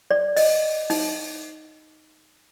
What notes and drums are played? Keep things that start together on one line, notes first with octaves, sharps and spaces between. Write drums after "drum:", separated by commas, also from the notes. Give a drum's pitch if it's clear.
D5
D#5, drum: open hi-hat
D#4, drum: open hi-hat